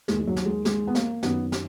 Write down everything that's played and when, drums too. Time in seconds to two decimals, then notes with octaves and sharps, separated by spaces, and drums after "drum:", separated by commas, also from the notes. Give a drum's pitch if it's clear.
0.08 D#2 D#3 G#3, drum: snare
0.19 G#3
0.27 F#3
0.36 drum: snare
0.46 G#3
0.65 G#3, drum: snare
0.87 B3
0.95 A#3, drum: snare
1.23 F#2 D#3 B3, drum: snare
1.52 drum: snare